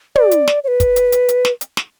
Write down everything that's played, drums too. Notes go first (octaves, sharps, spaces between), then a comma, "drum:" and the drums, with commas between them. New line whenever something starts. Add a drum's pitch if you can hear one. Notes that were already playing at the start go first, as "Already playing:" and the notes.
D5, drum: tom
drum: hi-hat
drum: snare
C#5
B4
drum: kick, hi-hat
drum: hi-hat
drum: hi-hat
drum: hi-hat
drum: snare
drum: hi-hat
drum: snare